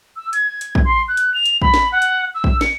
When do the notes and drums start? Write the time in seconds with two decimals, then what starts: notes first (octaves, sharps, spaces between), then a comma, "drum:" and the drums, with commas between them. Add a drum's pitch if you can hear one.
0.16 E6
0.33 G#6, drum: hi-hat
0.61 drum: hi-hat
0.75 drum: kick
0.85 C6
1.08 F#6
1.17 drum: hi-hat
1.34 F7
1.46 drum: hi-hat
1.62 B5, drum: kick
1.74 drum: snare
1.92 F#5
2.02 drum: hi-hat
2.34 E6
2.44 drum: kick
2.61 C#7, drum: snare